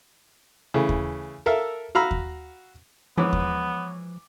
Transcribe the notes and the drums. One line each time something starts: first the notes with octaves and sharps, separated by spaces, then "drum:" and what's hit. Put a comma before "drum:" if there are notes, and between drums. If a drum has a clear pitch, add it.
C#3 E3 A3
drum: kick D#2
A4 A#4 E5 F5
F#4 F5 A#5 B5 E6
drum: kick D#2
G#2 E3 F3 B3 C#5 D6
drum: kick D#2